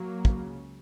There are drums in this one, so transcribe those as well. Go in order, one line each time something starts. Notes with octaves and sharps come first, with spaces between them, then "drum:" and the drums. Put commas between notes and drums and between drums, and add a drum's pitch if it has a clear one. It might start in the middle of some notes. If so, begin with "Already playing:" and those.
Already playing: F#3 A#3
C#2 C#3, drum: kick